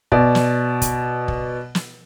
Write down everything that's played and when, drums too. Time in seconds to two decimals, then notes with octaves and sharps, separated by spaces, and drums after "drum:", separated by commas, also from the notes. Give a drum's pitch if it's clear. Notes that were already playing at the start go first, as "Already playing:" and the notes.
0.12 B2 D5, drum: kick
0.35 drum: snare
0.82 drum: kick, hi-hat
1.28 drum: kick
1.75 drum: snare